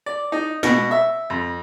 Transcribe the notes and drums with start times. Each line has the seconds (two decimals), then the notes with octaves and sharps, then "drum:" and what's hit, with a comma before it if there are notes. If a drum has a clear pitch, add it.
0.06 D5
0.32 D#4
0.63 B2, drum: snare
0.91 E5
1.30 F2